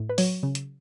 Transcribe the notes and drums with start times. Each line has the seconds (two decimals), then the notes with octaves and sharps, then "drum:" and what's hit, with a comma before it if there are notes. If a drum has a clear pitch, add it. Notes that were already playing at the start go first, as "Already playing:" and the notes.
Already playing: A2
0.09 B4
0.18 F#3 C#5, drum: open hi-hat
0.43 C#3
0.55 drum: hi-hat